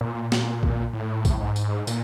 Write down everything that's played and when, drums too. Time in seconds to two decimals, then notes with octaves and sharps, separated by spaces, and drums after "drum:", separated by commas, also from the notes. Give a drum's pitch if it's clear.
0.01 A#2
0.32 drum: snare
0.63 drum: kick B1
0.93 A2
1.25 drum: kick B1, tambourine
1.40 G#2
1.56 drum: tambourine
1.87 A#2, drum: tambourine